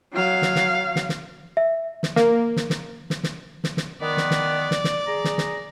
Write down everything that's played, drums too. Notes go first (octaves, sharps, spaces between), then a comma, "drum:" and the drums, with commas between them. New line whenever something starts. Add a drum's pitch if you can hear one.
F#3 F5
drum: snare
drum: snare
drum: snare
drum: snare
E5
drum: snare
A#3, drum: snare
drum: snare
drum: snare
drum: snare
drum: snare
drum: snare
drum: snare
D#3 B3 D5
drum: snare
drum: snare
drum: snare
drum: snare
G#4 A#5
drum: snare
drum: snare